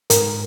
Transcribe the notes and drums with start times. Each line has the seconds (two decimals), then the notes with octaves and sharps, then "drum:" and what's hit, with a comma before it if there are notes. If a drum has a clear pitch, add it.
0.10 G#2 A#4, drum: hi-hat